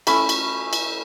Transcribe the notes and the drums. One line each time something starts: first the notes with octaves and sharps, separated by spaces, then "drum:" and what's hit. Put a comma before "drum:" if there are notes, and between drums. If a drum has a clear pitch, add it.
A3 C#4 E4 B5, drum: cymbal
drum: cymbal
drum: cymbal